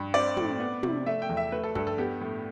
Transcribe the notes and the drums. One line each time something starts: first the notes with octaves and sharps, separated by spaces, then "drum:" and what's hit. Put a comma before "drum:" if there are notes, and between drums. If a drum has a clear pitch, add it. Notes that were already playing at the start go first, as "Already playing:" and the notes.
Already playing: G2
C4 D5
A2, drum: tom
B3
C3, drum: tom
A3 E5
G5
E2
E5
A3 B4
A4
G2 A4, drum: kick
A4
B3 G4
A2